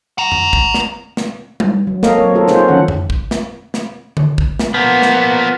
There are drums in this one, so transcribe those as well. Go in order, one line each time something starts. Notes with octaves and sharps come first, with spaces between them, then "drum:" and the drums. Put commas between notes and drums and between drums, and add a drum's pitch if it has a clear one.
F#5 A#5
drum: tom F2
drum: kick
drum: snare
drum: snare
drum: tom G3
F#3
A3 A#3 A4 A#4 D#5 F5, drum: snare
F#3 C4 A#4 C#5
A3 A#3 F4 A4 A#4
D#4 F4 G#4 C5, drum: snare
D#3 F3 C#4 A4 F#5
drum: tom F2
drum: kick
drum: snare
drum: snare
drum: tom D3
drum: kick
drum: snare
F3 A#3 B3
drum: snare